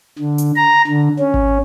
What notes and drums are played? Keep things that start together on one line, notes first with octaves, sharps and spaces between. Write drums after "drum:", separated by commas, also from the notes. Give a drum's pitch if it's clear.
D3
drum: hi-hat
A#5
D3
C#4
drum: kick G#1